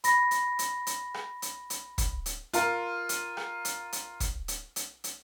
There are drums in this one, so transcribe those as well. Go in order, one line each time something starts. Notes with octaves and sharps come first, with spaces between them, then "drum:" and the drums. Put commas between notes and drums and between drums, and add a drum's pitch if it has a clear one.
B5 A#6, drum: hi-hat
drum: hi-hat
drum: hi-hat
drum: hi-hat
drum: rim click
drum: hi-hat
drum: hi-hat
drum: kick, hi-hat
drum: hi-hat
F4 A#4, drum: hi-hat
drum: hi-hat
drum: rim click
drum: hi-hat
drum: hi-hat
drum: kick, hi-hat
drum: hi-hat
drum: hi-hat
drum: hi-hat